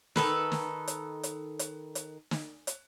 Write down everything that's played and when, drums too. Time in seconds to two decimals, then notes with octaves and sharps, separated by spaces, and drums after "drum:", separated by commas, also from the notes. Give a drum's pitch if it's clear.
0.16 D#3 A4 B4, drum: snare
0.52 drum: snare
0.88 drum: hi-hat
1.23 drum: hi-hat
1.59 drum: hi-hat
1.95 drum: hi-hat
2.31 drum: snare
2.67 drum: hi-hat